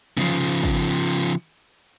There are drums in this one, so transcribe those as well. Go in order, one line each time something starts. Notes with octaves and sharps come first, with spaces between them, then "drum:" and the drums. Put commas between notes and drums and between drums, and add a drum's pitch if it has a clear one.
C#3 F3, drum: tom
drum: kick